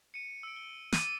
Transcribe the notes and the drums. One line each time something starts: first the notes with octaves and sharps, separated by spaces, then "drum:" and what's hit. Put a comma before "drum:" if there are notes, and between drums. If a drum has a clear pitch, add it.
C#7 D#7
E6 D7
G7
D6 A6 D#7, drum: snare